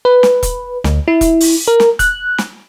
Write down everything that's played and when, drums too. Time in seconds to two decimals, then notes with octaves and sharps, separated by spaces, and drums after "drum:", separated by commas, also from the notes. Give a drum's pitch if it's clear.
0.05 B4
0.23 drum: snare
0.43 drum: kick E1, hi-hat
0.84 D2, drum: snare
1.08 E4
1.21 drum: kick E1, hi-hat
1.40 drum: open hi-hat
1.68 A#4
1.80 drum: snare
1.99 F#6, drum: kick E1, hi-hat
2.38 drum: snare